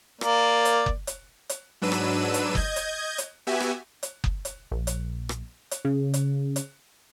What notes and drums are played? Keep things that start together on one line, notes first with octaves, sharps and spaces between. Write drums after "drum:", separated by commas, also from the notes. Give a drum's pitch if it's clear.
A#3 D5, drum: rim click
drum: hi-hat
drum: kick F#1
drum: hi-hat
drum: hi-hat
G#2 F#3 D4 B4 E6 D#7
drum: rim click
drum: hi-hat
D#5 G6 G#6, drum: kick F#1
drum: hi-hat
drum: hi-hat
B3 F#4 G4 E5 G#5
drum: rim click
drum: hi-hat
drum: kick F#1
drum: hi-hat
A#1
drum: hi-hat
drum: rim click
drum: hi-hat
C#3
drum: hi-hat
drum: hi-hat